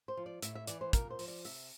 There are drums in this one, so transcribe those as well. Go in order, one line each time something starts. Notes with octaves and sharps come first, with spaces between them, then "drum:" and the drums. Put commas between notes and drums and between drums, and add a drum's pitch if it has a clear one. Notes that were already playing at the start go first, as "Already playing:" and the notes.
C5
F3
D5
A2 E5, drum: hi-hat
E5
E3 D5, drum: hi-hat
C5
A#2 A#4, drum: kick, hi-hat
C5
F3, drum: open hi-hat
D5
C3 E5, drum: open hi-hat